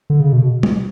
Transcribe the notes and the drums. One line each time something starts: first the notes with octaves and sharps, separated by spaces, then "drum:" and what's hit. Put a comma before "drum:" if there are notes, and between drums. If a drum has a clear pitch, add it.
D3
C#3
B2
drum: tom G3